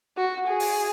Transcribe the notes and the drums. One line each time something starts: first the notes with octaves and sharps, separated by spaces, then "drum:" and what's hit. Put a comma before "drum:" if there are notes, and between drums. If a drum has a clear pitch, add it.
F#4
G#4
drum: open hi-hat